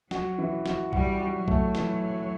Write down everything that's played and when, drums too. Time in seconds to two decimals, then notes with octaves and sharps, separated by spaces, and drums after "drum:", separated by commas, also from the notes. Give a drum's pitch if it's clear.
0.11 F#3 F#4, drum: snare
0.38 E3
0.66 F#4, drum: snare
0.93 G3 F#4, drum: kick
1.20 F#4
1.34 F#3
1.48 A3, drum: kick
1.75 E3, drum: snare